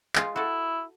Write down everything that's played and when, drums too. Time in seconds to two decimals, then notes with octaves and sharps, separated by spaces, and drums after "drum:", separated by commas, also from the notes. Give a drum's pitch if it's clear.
0.15 G#3 F4, drum: clap
0.36 E4 F#4 A4